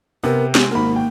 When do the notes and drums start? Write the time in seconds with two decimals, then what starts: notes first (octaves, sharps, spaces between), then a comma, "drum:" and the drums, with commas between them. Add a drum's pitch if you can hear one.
0.24 C3 B3 A#4
0.55 G#3 G4, drum: snare
0.71 G#1 A#3 F#4 A#4 B5
0.96 G5